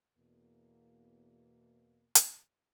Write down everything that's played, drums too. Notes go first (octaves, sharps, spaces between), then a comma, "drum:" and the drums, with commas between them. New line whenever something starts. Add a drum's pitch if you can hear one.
E2 B2 A#3
drum: hi-hat